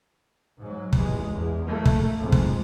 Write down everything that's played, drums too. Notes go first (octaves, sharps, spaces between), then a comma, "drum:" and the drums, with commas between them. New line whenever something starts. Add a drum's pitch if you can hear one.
G#2 F#3
A1 E2 G#3, drum: kick
E2
A3 A#3
drum: kick
F2 G#2
drum: kick